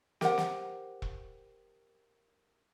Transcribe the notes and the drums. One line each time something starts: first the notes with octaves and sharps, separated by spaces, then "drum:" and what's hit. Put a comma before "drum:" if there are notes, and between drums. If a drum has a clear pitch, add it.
G4 A#4 C5 F#5, drum: snare
drum: snare
drum: kick E1